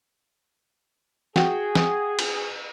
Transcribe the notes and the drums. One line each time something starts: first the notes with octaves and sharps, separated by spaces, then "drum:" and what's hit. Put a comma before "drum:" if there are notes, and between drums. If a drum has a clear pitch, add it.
F#4 G#4 G5, drum: snare
drum: snare
drum: cymbal